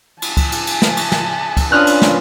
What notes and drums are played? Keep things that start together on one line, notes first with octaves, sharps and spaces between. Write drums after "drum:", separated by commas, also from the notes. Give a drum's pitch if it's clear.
G#5 A5, drum: cymbal
drum: kick, cymbal
drum: cymbal
drum: cymbal
drum: snare
drum: cymbal
drum: snare
drum: kick, cymbal
C#4 D4 F4 B4 D#6 F6 F#6
drum: cymbal
drum: snare